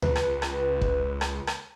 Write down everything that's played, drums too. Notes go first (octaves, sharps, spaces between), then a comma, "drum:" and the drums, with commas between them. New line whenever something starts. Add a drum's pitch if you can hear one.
C#2 B4, drum: tom D2
drum: rim click
drum: rim click
drum: kick
drum: rim click
drum: rim click